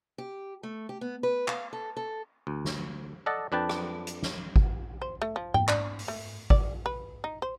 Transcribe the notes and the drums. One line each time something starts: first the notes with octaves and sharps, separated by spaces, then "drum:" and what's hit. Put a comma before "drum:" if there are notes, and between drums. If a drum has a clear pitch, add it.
G4
A3
G4
B3
B4
F5, drum: clap
A4
A4
D2
drum: snare
A4 D5 D#5 F#5 A5
F2 D4 B4 G5 A5
drum: rim click
drum: hi-hat
drum: snare
drum: kick
C5
A3
F3
G5, drum: tom G#2
D4, drum: clap
drum: open hi-hat
A3
D5, drum: kick
B4
D#4
C5